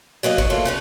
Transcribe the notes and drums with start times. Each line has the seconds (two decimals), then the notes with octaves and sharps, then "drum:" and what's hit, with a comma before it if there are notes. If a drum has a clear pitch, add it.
0.23 F#3 A#3 B4 D#5
0.38 C#5, drum: kick
0.50 A3 A#3 F4 A4
0.65 C#3 C#4 B4